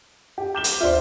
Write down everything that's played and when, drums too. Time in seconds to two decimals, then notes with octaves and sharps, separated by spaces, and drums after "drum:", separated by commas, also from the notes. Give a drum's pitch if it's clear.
0.38 G4
0.55 D6 G6 E7 G7
0.64 drum: hi-hat
0.81 D2 F4 C5 D5 E5